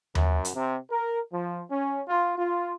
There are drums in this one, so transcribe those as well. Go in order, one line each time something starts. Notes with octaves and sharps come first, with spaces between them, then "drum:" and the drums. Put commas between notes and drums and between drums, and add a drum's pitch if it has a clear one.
F#2, drum: tom D#2
drum: hi-hat
C3
A#4
F3
C#4
F4
F4